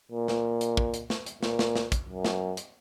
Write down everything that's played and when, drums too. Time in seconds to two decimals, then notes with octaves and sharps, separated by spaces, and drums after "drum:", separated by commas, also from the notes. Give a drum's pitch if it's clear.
0.12 A#2
0.28 drum: snare
0.61 drum: hi-hat
0.77 drum: kick
0.94 drum: hi-hat
1.10 drum: snare
1.26 drum: hi-hat
1.43 A#2, drum: snare
1.59 drum: snare
1.76 drum: snare
1.92 drum: kick, hi-hat
2.08 F#2
2.25 drum: snare
2.57 drum: hi-hat